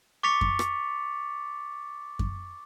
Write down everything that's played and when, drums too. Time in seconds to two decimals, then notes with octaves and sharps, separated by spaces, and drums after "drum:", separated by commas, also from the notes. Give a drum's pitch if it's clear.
0.23 C#6 D6 A6 B6 C#7 F7
0.41 drum: kick F#2
0.59 drum: rim click
2.19 drum: kick F#2